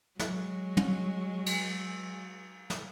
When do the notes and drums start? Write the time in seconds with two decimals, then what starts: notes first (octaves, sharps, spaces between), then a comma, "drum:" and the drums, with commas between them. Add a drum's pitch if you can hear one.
0.19 F#3 G#3, drum: snare
0.77 drum: tom
1.46 drum: cymbal
2.70 drum: snare